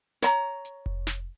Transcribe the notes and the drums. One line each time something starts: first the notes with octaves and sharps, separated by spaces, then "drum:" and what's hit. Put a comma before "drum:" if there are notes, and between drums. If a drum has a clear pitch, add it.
C#5 A#5, drum: snare
drum: hi-hat
drum: kick F1
drum: snare